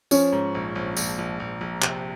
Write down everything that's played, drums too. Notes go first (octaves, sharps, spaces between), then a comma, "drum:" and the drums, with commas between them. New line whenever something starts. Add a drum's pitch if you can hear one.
F3 C#4, drum: tambourine
G#2
A#1
A#1
A#1, drum: tambourine
A#1
A#1
A#1
C3, drum: clap